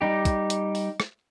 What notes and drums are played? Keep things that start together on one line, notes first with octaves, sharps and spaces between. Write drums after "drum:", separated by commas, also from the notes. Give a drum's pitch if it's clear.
G3 D#4 G4
drum: kick, hi-hat
drum: hi-hat
drum: open hi-hat
drum: rim click